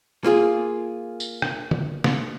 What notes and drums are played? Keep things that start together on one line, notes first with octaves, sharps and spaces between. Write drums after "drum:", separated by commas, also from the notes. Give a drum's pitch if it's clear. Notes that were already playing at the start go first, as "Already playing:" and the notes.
A#3 F4 G#4
drum: tambourine
drum: rim click
drum: tom D3
drum: snare